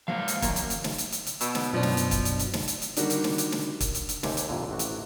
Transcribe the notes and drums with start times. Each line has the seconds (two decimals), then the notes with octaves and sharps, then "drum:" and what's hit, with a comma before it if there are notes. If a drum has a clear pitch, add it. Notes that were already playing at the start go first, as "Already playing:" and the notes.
0.08 G#2 F3 F#3 A#3 F5
0.28 drum: hi-hat
0.42 F#2 D#3 F3 A#3, drum: kick, hi-hat
0.56 drum: hi-hat
0.70 drum: hi-hat
0.84 drum: snare
0.98 drum: hi-hat
1.12 drum: hi-hat
1.27 drum: hi-hat
1.41 B2 E6, drum: hi-hat
1.55 drum: snare
1.73 F#2 B2 F3 F#3 D4
1.83 drum: snare
1.97 drum: hi-hat
2.11 drum: kick, hi-hat
2.25 drum: hi-hat
2.39 drum: hi-hat
2.54 drum: snare
2.68 drum: hi-hat
2.82 drum: hi-hat
2.97 D3 D#3 G3 A#3 F#4, drum: hi-hat
3.10 drum: hi-hat
3.24 drum: snare
3.38 drum: hi-hat
3.52 drum: snare
3.80 drum: kick, hi-hat
3.95 drum: hi-hat
4.09 drum: hi-hat
4.23 D#2 C3 G4 G#5, drum: snare
4.37 drum: hi-hat
4.49 F2 A#2 D3
4.69 A1 C3 F#4
4.79 drum: hi-hat